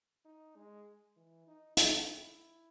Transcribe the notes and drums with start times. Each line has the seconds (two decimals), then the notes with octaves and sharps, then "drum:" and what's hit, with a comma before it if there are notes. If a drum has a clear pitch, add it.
0.25 D#4
0.56 G#3
1.16 E3
1.47 D#4
1.77 D#4, drum: hi-hat
2.07 E4